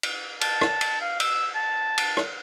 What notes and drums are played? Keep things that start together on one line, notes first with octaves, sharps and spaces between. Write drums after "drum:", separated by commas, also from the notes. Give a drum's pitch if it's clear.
drum: cymbal
A5, drum: cymbal
drum: rim click
drum: cymbal
F5
E6, drum: cymbal
A5
drum: cymbal
drum: rim click